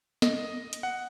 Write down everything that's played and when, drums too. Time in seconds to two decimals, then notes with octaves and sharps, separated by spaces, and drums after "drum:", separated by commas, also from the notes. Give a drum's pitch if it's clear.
0.22 D#5, drum: snare
0.73 drum: hi-hat
0.83 F#5